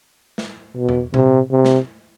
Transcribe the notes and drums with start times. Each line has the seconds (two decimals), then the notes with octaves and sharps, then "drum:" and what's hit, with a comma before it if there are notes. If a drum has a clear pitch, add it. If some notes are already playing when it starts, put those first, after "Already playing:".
0.38 drum: snare
0.76 B2
0.89 drum: tom E2
1.14 C3, drum: tom A#2
1.52 C3
1.65 drum: snare